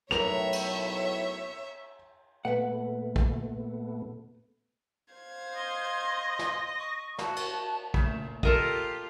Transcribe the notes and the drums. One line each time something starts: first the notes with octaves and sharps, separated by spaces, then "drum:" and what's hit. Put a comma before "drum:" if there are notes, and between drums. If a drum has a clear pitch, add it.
B1 A2 B3 A#4 C#5 E5 F7, drum: rim click
drum: cymbal
A#2 A3 B3 B4 F#5
drum: kick
C5 F5 G#6
D#5 C6
drum: snare
C#6
F#4 A5, drum: snare
drum: cymbal
A#2 C#3 A3, drum: kick
F4 G4 A4 A#4 D#5, drum: kick